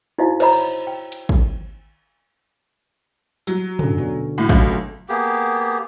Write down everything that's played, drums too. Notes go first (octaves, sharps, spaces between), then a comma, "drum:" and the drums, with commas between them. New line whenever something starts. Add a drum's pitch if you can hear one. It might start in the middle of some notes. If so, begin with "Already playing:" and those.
D#4 E4 F#4 C5 D#5 F5
C5 C#5 D#5 A#5 B5, drum: cymbal
G5
drum: hi-hat
drum: kick
F#3, drum: tambourine
D3 C#4, drum: tom
B2
A2
C#2 F#3 A3, drum: kick
A#3 B3 G4 G#4